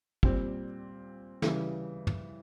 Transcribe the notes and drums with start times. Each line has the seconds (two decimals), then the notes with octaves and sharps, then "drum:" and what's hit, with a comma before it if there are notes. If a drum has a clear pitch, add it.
0.23 A#2 G3 C4, drum: kick
1.42 C#3 E3 G3, drum: snare
2.07 drum: tom